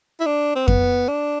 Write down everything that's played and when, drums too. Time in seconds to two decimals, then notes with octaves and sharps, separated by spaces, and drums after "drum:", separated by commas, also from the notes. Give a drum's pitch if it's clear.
0.20 E4
0.26 D4
0.56 C4
0.68 B3, drum: kick F2
1.09 D4